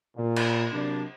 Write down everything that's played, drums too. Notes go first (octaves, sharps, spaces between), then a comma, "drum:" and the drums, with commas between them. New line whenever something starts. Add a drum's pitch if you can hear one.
A#2
drum: cymbal
C3 F#3 A#3 D4